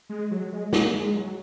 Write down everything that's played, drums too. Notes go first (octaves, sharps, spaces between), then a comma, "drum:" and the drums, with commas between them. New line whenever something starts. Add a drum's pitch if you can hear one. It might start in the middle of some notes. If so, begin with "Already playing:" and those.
G#3
F#3
G#3
A#3, drum: snare
G#3
F#3